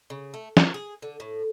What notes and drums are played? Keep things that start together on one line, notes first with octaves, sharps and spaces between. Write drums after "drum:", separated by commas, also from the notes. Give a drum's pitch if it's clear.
C#3
A3
A#4, drum: snare
G#4
D3
A2